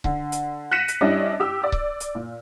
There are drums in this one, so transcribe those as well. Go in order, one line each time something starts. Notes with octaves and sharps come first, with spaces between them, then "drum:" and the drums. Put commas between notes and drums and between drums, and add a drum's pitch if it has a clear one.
D3, drum: kick C#1
drum: hi-hat
F#6 A#6 B6 C#7 D#7 E7
drum: hi-hat
G3 C#4 D4 E4 D5 D#5
G4 E6
D5 E6
drum: kick C#1
drum: hi-hat
A#2